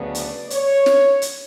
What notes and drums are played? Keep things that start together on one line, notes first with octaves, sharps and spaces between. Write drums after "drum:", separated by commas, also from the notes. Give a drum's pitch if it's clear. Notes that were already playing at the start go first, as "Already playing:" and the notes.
Already playing: D2 C#3 F#3 B3 D4
D5, drum: hi-hat
C#5, drum: hi-hat
drum: snare
drum: hi-hat